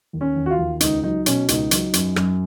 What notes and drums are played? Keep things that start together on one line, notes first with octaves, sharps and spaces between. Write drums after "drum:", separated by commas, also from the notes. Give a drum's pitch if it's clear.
D#2
C#4
D#2
F#4
F4
D#2
C#2 D#4, drum: hi-hat
F#3 D#4
B2 C#4, drum: hi-hat
C#2 D#4, drum: hi-hat
F#3, drum: hi-hat
F#2, drum: hi-hat
F#2, drum: rim click